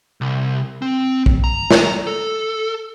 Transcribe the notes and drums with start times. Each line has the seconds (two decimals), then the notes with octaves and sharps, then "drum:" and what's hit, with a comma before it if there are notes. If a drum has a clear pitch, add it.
0.21 C2
0.82 C4
1.26 drum: kick B1
1.44 A#5
1.71 drum: snare
2.07 A4